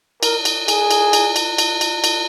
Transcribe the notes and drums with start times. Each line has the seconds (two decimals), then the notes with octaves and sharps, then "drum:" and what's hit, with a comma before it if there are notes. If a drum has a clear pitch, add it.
0.23 A#4, drum: cymbal
0.45 drum: cymbal
0.68 G#4, drum: cymbal
0.91 drum: cymbal
1.13 drum: cymbal
1.36 drum: cymbal
1.58 drum: cymbal
1.81 drum: cymbal
2.04 drum: cymbal